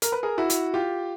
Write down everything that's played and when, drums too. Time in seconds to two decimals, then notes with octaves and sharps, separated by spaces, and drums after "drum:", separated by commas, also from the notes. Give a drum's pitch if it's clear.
0.02 A#4, drum: hi-hat
0.12 B4
0.23 G#4 A#4
0.38 E4 F#4
0.50 drum: hi-hat
0.74 F4 G4